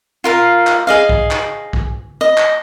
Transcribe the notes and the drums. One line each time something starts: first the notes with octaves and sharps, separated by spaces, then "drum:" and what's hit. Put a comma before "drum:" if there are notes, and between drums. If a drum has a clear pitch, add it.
F4 A#4 F5
drum: clap
G#4 D#5 F5
drum: kick
drum: clap
drum: kick
D#5
drum: clap